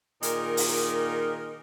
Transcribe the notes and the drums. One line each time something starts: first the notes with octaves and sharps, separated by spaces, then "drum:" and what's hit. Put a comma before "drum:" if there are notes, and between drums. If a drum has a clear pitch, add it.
A#2 D#3 D#4 G#4 A#4, drum: hi-hat
drum: open hi-hat